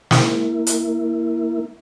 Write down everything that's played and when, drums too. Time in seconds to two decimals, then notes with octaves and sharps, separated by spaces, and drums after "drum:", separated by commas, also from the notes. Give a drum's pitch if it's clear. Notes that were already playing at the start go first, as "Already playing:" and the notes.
0.11 A#3 E4, drum: snare
0.67 drum: hi-hat